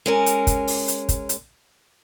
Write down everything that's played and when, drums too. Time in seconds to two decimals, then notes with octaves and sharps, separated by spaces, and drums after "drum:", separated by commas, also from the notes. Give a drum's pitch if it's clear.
0.06 G#3 C#4 A#4
0.26 drum: hi-hat
0.47 drum: kick, hi-hat
0.67 drum: open hi-hat
0.88 drum: hi-hat
1.09 drum: kick, hi-hat
1.29 drum: hi-hat